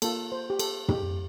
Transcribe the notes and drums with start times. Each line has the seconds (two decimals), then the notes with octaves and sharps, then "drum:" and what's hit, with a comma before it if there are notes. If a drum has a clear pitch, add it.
0.02 A#3 F4 A4, drum: cymbal
0.32 C5
0.50 G4
0.59 A4, drum: cymbal
0.88 G4, drum: tom